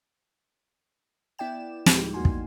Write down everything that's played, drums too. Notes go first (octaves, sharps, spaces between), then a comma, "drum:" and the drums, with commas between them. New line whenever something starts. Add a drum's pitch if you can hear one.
B3 E4 D5 G5 E7
D2 A2 F3 G3 G#3 D#4, drum: snare
E2 A#3 F#4 G#5 C6
drum: kick